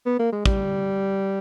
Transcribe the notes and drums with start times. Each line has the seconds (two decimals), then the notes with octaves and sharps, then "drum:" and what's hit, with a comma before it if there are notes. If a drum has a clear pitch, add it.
0.06 B3
0.19 A#3
0.32 G#3
0.46 G3, drum: kick